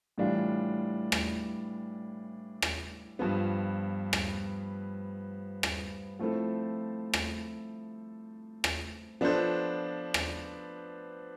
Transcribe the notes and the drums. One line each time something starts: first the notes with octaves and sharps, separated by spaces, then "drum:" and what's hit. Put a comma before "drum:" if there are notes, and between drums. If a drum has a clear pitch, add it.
A2 E3 G3 D4 F4
drum: rim click
drum: rim click
G2 F3 B3
drum: rim click
drum: rim click
F3 A3 C4 E4 A4
drum: rim click
drum: rim click
F3 B3 D4 A4 C5
drum: rim click